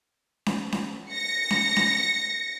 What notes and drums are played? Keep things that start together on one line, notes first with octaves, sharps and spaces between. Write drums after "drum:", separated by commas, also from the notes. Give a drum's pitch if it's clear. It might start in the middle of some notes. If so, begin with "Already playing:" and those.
drum: snare C#4
drum: snare C#4
A#6 C#7
drum: snare C#4
drum: snare C#4